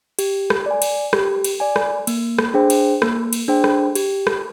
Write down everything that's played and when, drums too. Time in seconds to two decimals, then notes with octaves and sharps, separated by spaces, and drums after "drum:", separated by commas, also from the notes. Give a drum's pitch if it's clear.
0.19 G4, drum: cymbal
0.50 drum: rim click
0.66 D5 G#5
0.82 drum: cymbal
1.13 G4, drum: rim click
1.44 drum: cymbal
1.60 D5 G#5
1.76 drum: rim click
2.07 A#3, drum: cymbal
2.39 drum: rim click
2.54 D4 G#4 C5 G5
2.70 drum: cymbal
3.02 A#3, drum: rim click
3.33 drum: cymbal
3.48 D4 G#4 C5 G5
3.64 drum: rim click
3.95 G4, drum: cymbal
4.27 drum: rim click